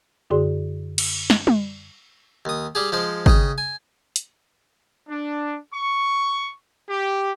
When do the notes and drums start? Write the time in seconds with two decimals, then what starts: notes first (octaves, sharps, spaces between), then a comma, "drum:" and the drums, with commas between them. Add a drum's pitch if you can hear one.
0.30 F#2 D3 F#4 G#4 D5 C6
0.98 drum: cymbal
1.30 drum: snare
1.47 drum: tom
2.45 D#2 D#6
2.75 G3 G4 G#4
2.92 F3 G#3 C5
3.26 C#3 D#5 G5, drum: kick G#1
3.58 G#5
4.16 drum: hi-hat
5.08 D4
5.73 C#6
6.88 G4